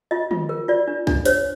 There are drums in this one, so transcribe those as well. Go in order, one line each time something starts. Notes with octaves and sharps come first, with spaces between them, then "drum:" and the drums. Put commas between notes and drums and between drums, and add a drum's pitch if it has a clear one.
F4 D#5
F4, drum: tom
A#4
F4 D5
D4
D4, drum: kick C2
C5 C#5, drum: hi-hat